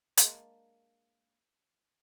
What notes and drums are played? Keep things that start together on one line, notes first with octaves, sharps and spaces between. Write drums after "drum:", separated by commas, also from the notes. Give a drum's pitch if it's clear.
G#3 A#3 D4, drum: hi-hat